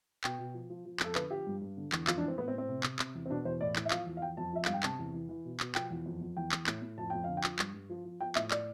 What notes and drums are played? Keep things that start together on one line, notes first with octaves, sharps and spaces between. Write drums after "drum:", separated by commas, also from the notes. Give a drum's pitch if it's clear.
B2 G5, drum: clap
B2
F3
F3
F3
F2 A4, drum: clap
D3 B4, drum: clap
F3 G4
G2
G2
D3
E2, drum: clap
F2 F4, drum: clap
D4
E3
C4
A2 B3
C4
A2
C4
C3
C3, drum: clap
C3, drum: clap
E2
C4
B2 D4
E2 C5
A2 D5
E3, drum: clap
E5
F3 F5, drum: clap
E2
F5
F3 G5
F2 A5
F3 E5
G2 F5, drum: clap
G5
C3 A5, drum: clap
E2
E3
E3
B2
B2, drum: clap
F3 G5, drum: clap
E2
F2
F2
E2 G5
E2, drum: clap
A2, drum: clap
A2
F2 A5
F2 G5
D3 F5
G5
F3, drum: clap
G2, drum: clap
G2
F3
F3
F3 G5
A2 E5, drum: clap
D5, drum: clap